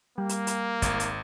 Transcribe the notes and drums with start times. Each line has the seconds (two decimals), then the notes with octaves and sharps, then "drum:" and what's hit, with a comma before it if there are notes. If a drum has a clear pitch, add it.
0.18 G3 A#3
0.29 drum: hi-hat
0.47 drum: hi-hat
0.82 G#1, drum: kick, hi-hat
1.00 drum: hi-hat